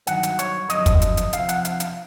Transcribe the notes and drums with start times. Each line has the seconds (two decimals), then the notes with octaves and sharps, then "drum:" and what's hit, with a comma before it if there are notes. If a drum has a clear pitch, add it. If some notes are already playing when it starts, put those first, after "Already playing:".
0.07 G2 D#3 F#3 F#5, drum: hi-hat
0.23 drum: hi-hat
0.39 C#5, drum: hi-hat
0.70 F2 D3 F#3 D#5, drum: hi-hat
0.86 drum: kick, hi-hat
1.02 drum: hi-hat
1.17 drum: hi-hat
1.33 F2 C3 F3 F5, drum: hi-hat
1.49 F#5, drum: hi-hat
1.65 F5, drum: hi-hat
1.80 drum: hi-hat